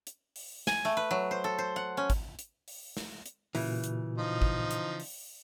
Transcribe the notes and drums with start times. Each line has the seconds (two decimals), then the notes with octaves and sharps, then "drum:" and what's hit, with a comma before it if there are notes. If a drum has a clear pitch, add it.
0.07 drum: hi-hat
0.36 drum: open hi-hat
0.67 G#5, drum: snare
0.85 A3
0.97 B4
1.11 F#3
1.31 C5
1.44 A4
1.58 C5
1.76 F#5
1.97 C#4
2.10 drum: kick G#1, hi-hat
2.39 drum: hi-hat
2.68 drum: open hi-hat
2.97 drum: snare
3.26 drum: hi-hat
3.55 A#2 C#3 E3 F#4, drum: open hi-hat
3.84 drum: hi-hat
4.18 F3 D#4
4.42 drum: kick G#1
4.71 drum: hi-hat
5.00 drum: open hi-hat